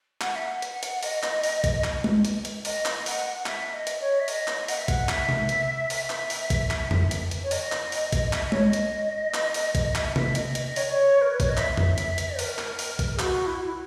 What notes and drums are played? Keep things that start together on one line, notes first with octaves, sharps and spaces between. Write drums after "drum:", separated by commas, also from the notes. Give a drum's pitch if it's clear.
F#5, drum: clap
E5
F#5
drum: hi-hat
drum: hi-hat
D#5, drum: open hi-hat
drum: clap
drum: open hi-hat
drum: kick, hi-hat
drum: clap
drum: tom G#3
drum: hi-hat
drum: hi-hat
D#5, drum: open hi-hat
drum: clap
F#5, drum: open hi-hat
F#5
E5, drum: clap
D#5
drum: hi-hat
C#5
E5
D#5, drum: open hi-hat
drum: clap
F#5, drum: open hi-hat
E5
F#5, drum: kick, hi-hat
E5, drum: clap
drum: tom C3
drum: hi-hat
E5, drum: open hi-hat
drum: clap
drum: open hi-hat
drum: kick, hi-hat
drum: clap
drum: tom F2
drum: hi-hat
drum: hi-hat
C#5
D#5, drum: open hi-hat
drum: clap
drum: open hi-hat
drum: kick, hi-hat
E5, drum: clap
D#5
C#5, drum: tom G#3
D#5
drum: hi-hat
drum: clap
drum: open hi-hat
drum: kick, hi-hat
E5, drum: clap
E5, drum: tom C3
D#5, drum: hi-hat
D#5, drum: hi-hat
C#5, drum: open hi-hat
D#5
C#5
A#4
B4
C#5, drum: kick, hi-hat
D#5
E5, drum: clap
drum: tom F2
drum: hi-hat
drum: hi-hat
A#4, drum: open hi-hat
drum: clap
drum: open hi-hat
drum: kick, hi-hat
G#4
F#4, drum: clap
E4
F#4
E4